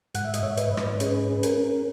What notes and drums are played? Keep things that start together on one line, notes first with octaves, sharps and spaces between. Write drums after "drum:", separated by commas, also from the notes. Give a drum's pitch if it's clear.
G#2 F#5, drum: hi-hat
E5
D#5, drum: hi-hat
G#2 C#5 E5
B4 D#5, drum: hi-hat
G#2
D#5, drum: rim click
C#5
C#4 G#4 B4, drum: hi-hat
C#4
A#4, drum: hi-hat
C#4